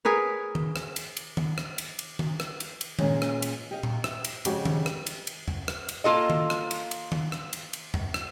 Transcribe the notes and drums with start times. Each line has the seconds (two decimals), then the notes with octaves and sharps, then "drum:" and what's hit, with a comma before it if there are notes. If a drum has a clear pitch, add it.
0.05 G#4 A#4 B4 C#5
0.55 drum: tom D#3
0.76 drum: rim click
0.96 drum: cymbal
1.17 drum: cymbal
1.37 drum: tom D#3
1.58 drum: rim click
1.78 drum: cymbal
1.99 drum: cymbal
2.19 drum: tom D#3
2.40 drum: rim click
2.60 drum: cymbal
2.81 drum: cymbal
2.99 A#2 G#3 C#4, drum: tom D#3
3.22 drum: rim click
3.42 drum: cymbal
3.71 G4 D#5 F5
3.83 drum: tom A#2
4.04 E5, drum: rim click
4.24 drum: cymbal
4.45 F2 C#3 G#3 F#4 G4, drum: cymbal
4.65 drum: tom D#3
4.86 drum: rim click
5.07 drum: cymbal
5.27 drum: cymbal
5.48 drum: tom F2
5.68 drum: rim click
5.89 drum: cymbal
6.04 A#3 F4 A4 D#5
6.30 drum: tom D#3
6.50 drum: rim click
6.71 drum: cymbal
6.91 drum: cymbal
7.12 drum: tom D#3
7.32 drum: rim click
7.53 drum: cymbal
7.73 drum: cymbal
7.94 drum: tom F2
8.14 drum: rim click